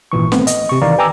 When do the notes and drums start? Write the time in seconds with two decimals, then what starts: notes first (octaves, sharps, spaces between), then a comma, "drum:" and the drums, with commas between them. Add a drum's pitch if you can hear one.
0.12 G#1 A#2 E3 C#6
0.32 A3 B3 C4, drum: snare
0.47 D#5, drum: hi-hat
0.69 C3 C#6
0.82 A1 D#3 E3 D5 F5 A#5
0.98 B4 G5 G#5 A#5 D6 E6